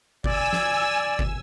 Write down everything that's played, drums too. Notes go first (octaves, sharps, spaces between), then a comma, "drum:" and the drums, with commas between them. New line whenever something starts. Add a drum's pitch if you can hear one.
D5 G#5 E6, drum: kick G1
drum: snare
drum: kick G1